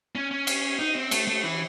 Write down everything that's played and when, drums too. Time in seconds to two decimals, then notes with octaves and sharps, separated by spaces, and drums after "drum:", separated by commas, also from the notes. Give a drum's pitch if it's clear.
0.15 C#4
0.31 C#4
0.47 drum: cymbal
0.79 D#4
0.95 C4
1.11 A3, drum: cymbal
1.28 A3
1.43 E3